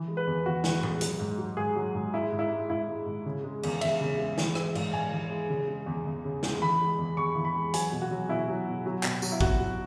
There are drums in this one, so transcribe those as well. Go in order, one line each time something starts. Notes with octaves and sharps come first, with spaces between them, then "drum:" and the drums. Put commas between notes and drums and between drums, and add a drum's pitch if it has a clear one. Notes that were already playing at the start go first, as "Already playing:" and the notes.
Already playing: E3
G#3
B4
E2
E2 F#4
E3, drum: snare
G#3, drum: tom A2
F#3, drum: hi-hat
G#2
F#3
G#2 G#4
F#3
G#2
G#3 E4
G#2
E4
G#3
G#2 E4
G#3
G#2
C#3
G#3
E2, drum: cymbal
E2 E5, drum: cymbal
C#3
G#3
E3, drum: snare
G#3, drum: rim click
G#2, drum: cymbal
G#2 G#5
E3
G#3
C#3
G#3
E2
E2
C#3
G#3, drum: snare
E3 B5
G#3
E2
E2 C#6
E3
B5
G#3
F#3 G#5, drum: hi-hat
B2
F#4
F#3
B2 E4
F#3
B2
F#3
B2, drum: clap
F#3, drum: tambourine
E4
B2 F#4, drum: kick A1
F#3